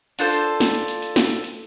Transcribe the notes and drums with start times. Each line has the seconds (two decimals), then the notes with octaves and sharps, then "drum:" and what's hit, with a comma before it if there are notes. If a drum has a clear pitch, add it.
0.19 D4 F4 A4 C5, drum: hi-hat
0.33 drum: hi-hat
0.60 drum: snare
0.74 drum: hi-hat
0.88 drum: hi-hat
1.02 drum: hi-hat
1.16 drum: snare
1.30 drum: hi-hat
1.44 drum: hi-hat